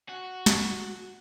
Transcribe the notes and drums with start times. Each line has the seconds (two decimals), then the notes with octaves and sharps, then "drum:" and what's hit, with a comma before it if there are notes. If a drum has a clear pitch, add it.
0.09 F#4
0.46 drum: snare